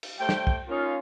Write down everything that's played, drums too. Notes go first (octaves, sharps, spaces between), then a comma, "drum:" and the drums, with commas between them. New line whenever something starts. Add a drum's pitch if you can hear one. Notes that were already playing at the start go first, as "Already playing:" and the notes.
drum: cymbal
G3 A3 C5 G5
drum: snare
drum: kick
A#3 C#4 D#4 F4